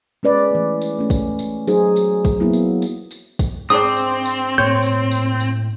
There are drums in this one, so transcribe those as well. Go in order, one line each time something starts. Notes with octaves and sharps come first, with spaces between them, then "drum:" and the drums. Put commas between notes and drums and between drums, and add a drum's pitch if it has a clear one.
G#3 C#4 B4 D5
E3 A3
drum: tambourine
A3 C#4
drum: kick, tambourine
drum: tambourine
F#3 D#4 G#4 C5, drum: tambourine
drum: tambourine
drum: kick, tambourine
F#3 A#3 B3 E4 F#4
drum: tambourine
drum: tambourine
drum: tambourine
drum: kick, tambourine
G#2 C4 D4 D#6, drum: tambourine
drum: tambourine
drum: tambourine
A2 A#3 C#5 G6
drum: tambourine
drum: tambourine
drum: tambourine